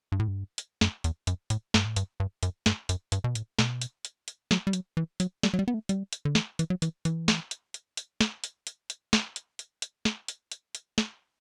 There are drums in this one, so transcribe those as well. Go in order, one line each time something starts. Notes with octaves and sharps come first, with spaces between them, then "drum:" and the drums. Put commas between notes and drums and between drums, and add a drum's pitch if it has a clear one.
G2
A2
G2
drum: hi-hat
F#2, drum: snare
E2, drum: hi-hat
F#2, drum: hi-hat
A2, drum: hi-hat
G2, drum: snare
A2
G2, drum: hi-hat
G2
F#2, drum: hi-hat
G2, drum: snare
F#2, drum: hi-hat
G2, drum: hi-hat
B2
A2, drum: hi-hat
B2, drum: snare
drum: hi-hat
drum: hi-hat
drum: hi-hat
F#3, drum: snare
G3
F#3, drum: hi-hat
E3
F#3, drum: hi-hat
G3, drum: snare
F#3
G3
B3
A3
G3, drum: hi-hat
drum: hi-hat
D3
E3, drum: snare
E3, drum: hi-hat
F#3
E3, drum: hi-hat
E3, drum: hi-hat
drum: snare
drum: hi-hat
drum: hi-hat
drum: hi-hat
drum: snare
drum: hi-hat
drum: hi-hat
drum: hi-hat
drum: snare
drum: hi-hat
drum: hi-hat
drum: hi-hat
drum: snare
drum: hi-hat
drum: hi-hat
drum: hi-hat
drum: snare